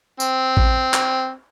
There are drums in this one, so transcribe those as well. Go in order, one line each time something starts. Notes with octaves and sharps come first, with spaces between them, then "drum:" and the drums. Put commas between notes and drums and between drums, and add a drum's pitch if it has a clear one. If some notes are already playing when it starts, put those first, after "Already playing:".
C4, drum: tambourine
drum: kick A1
drum: clap